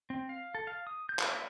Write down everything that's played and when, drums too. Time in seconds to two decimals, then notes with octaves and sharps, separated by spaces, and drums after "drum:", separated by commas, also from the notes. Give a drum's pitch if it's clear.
0.10 C4
0.29 F5
0.55 A4
0.67 F5
0.87 D#6
1.09 G6
1.19 drum: clap
1.29 E5